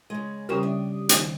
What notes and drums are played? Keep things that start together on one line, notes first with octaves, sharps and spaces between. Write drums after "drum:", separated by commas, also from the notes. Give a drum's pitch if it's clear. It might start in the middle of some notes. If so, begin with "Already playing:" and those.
C#3 G#3
E2 C#3 G3 C#4 G4 A#4 C5 D#6
D4 E5
D#3 C5, drum: hi-hat